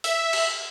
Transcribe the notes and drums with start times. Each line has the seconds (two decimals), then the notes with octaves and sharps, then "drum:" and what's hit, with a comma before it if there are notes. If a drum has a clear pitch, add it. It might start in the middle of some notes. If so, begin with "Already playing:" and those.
0.04 E5, drum: open hi-hat
0.33 drum: cymbal